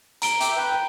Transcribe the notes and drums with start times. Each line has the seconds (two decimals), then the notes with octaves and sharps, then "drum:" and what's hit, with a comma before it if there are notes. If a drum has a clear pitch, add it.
0.22 A#5 D7 G7, drum: hi-hat
0.41 E5 G5 D6, drum: hi-hat
0.56 B4 G5